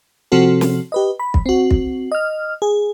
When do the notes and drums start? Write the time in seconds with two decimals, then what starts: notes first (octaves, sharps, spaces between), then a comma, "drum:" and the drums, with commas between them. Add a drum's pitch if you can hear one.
0.32 C3 F3 C4 F#4 A4
0.61 drum: snare
0.92 G4 B4 D#5
1.19 B5
1.34 drum: kick
1.46 C4 F#4
1.71 drum: kick
2.12 D#5 F6
2.62 G#4